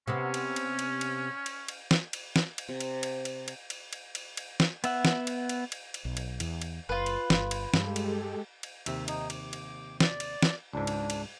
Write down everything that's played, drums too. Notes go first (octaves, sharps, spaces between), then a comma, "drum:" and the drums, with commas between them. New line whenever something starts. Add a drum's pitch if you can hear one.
C3 B3 C#4
drum: cymbal
drum: cymbal
drum: cymbal
drum: cymbal
drum: cymbal
drum: cymbal
drum: snare
drum: cymbal
drum: snare
drum: cymbal
C3
drum: cymbal
drum: cymbal
drum: cymbal
drum: cymbal
drum: cymbal
drum: cymbal
drum: cymbal
drum: cymbal
drum: snare
B3 E5 F#5, drum: cymbal
drum: snare
drum: cymbal
drum: cymbal
drum: cymbal
drum: cymbal
B1
drum: cymbal
E2, drum: cymbal
drum: cymbal
F#1 F4 B4
drum: cymbal
G1, drum: snare
drum: cymbal
G2 G#3 G4 A4, drum: snare
drum: cymbal
drum: cymbal
D#2 C3 E5, drum: cymbal
D#4, drum: cymbal
D6, drum: cymbal
drum: cymbal
D5, drum: snare
drum: cymbal
drum: snare
C#2 G#2 D4
drum: cymbal
drum: cymbal